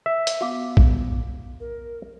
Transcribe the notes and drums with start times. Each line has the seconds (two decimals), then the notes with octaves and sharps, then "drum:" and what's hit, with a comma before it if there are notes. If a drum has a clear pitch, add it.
0.06 E5
0.27 drum: hi-hat
0.41 B3 F#4 F5 D6
0.77 drum: kick
1.60 A#4